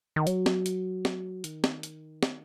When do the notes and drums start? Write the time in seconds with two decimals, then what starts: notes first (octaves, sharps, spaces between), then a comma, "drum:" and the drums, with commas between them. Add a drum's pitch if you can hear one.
0.16 D#3
0.27 F#3, drum: hi-hat
0.46 drum: snare
0.66 drum: hi-hat
1.05 drum: snare
1.44 D#3, drum: hi-hat
1.64 drum: snare
1.83 drum: hi-hat
2.23 drum: snare